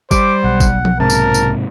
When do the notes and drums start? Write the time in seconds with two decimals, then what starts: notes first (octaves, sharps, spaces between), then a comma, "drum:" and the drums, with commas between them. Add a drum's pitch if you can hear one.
0.11 G3 C5 D6, drum: kick, tambourine
0.44 B1 F#5
0.60 drum: kick, tambourine
0.85 drum: tom F3
1.00 G#2 C3 A#4 A5
1.10 drum: tambourine
1.34 drum: tambourine